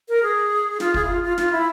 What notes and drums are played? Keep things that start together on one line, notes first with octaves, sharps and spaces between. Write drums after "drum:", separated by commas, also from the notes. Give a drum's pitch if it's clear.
A#4
G#4
F4, drum: snare
G#4, drum: kick
E4
F4
F4
F4, drum: snare
E4